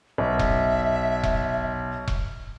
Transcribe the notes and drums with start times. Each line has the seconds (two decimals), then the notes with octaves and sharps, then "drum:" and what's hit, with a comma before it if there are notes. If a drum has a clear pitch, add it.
0.18 B1 E5
0.39 drum: kick E1
1.23 drum: kick E1
2.08 drum: kick E1